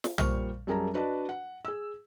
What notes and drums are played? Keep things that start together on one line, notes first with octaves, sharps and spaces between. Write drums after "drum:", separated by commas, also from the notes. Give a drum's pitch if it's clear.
drum: snare
A#2 G3 C5 C#6 F6, drum: tom
F#2 G3 G#4 A#4 A5 A#5
D4 F#4 B4 D5 D#5 A5
F#5
G#4 E6